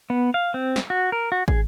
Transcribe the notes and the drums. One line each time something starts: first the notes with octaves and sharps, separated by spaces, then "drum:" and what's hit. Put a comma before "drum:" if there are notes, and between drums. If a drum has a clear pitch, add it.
B3
F5
C4
drum: snare
F#4
A#4
F#4
G#4, drum: kick